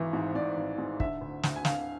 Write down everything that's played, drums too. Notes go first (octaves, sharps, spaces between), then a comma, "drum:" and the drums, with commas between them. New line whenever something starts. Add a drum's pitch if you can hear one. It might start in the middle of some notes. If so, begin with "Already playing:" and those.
Already playing: G#1 E3
G#2
G#2 D5
G#1
G#2
D3 E5, drum: kick
D2
D2, drum: snare
G#5
D3 F5, drum: snare